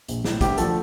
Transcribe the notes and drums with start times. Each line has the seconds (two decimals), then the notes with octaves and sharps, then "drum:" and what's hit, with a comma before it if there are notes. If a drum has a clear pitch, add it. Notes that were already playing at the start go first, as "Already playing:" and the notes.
0.08 A#1, drum: hi-hat
0.24 A2 G3, drum: snare
0.41 D2 G4, drum: kick, hi-hat
0.58 D3 F3 A3 A4, drum: hi-hat